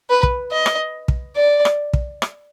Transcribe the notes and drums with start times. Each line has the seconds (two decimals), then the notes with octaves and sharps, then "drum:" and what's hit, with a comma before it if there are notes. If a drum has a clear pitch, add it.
0.10 B4
0.23 drum: kick
0.52 D#5
0.66 drum: rim click
1.08 drum: kick
1.36 D5
1.65 drum: rim click
1.93 drum: kick
2.22 drum: rim click